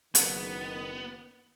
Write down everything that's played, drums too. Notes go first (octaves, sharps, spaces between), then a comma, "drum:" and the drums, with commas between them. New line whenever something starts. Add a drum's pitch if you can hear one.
F#1 D#3 B3, drum: hi-hat